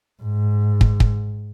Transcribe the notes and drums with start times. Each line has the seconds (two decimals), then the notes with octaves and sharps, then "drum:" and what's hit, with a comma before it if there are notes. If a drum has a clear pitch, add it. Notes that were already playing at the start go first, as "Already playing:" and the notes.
0.23 G#2
0.81 drum: kick
1.00 drum: kick